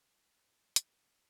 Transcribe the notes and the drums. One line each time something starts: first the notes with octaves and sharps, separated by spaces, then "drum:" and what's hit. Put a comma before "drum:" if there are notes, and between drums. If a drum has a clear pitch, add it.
G#3
drum: hi-hat